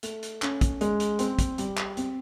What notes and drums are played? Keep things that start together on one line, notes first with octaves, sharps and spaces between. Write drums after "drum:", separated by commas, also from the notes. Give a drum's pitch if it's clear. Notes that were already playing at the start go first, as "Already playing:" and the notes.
A3, drum: hi-hat
drum: hi-hat
C#4, drum: clap
drum: kick, hi-hat
G#3, drum: hi-hat
drum: hi-hat
C4, drum: hi-hat
drum: kick, hi-hat
G3, drum: hi-hat
drum: clap
C4, drum: hi-hat